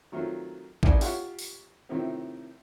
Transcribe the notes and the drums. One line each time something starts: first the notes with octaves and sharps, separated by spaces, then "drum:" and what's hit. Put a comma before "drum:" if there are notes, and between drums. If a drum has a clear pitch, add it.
D#3 F#3 A3 C4 F4
C2 G3 A3 D#4 D5 G#5, drum: kick A1
F4 G4 C#5 F5 F#5 C6, drum: open hi-hat
drum: open hi-hat
A2 C3 D#3 F3 C4